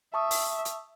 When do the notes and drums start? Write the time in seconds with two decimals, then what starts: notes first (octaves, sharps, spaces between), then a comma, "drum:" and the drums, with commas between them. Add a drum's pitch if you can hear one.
0.14 E5 A5 C#6 D#6
0.31 drum: open hi-hat
0.65 drum: hi-hat